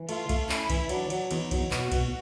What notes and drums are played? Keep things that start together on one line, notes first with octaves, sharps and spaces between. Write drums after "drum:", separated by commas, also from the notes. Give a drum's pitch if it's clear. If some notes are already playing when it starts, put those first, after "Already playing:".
Already playing: E3
A3 F4, drum: cymbal
A3, drum: kick C2, cymbal
C#4 E4, drum: clap
E3, drum: kick C2, cymbal
F#3 D4, drum: cymbal
F#3, drum: cymbal
E2 D#4, drum: cymbal
F#3, drum: kick C2, cymbal
B2 F#4, drum: clap
B2, drum: kick C2, cymbal